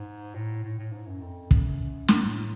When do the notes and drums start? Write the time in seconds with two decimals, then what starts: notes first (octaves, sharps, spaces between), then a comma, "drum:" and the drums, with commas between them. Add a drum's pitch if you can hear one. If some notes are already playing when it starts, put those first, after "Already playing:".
Already playing: G#2
0.35 A2
0.64 A2
0.79 A2
0.93 G#2
1.07 F#2
1.21 F2
1.51 F#2, drum: kick
2.08 G#2, drum: snare
2.22 A2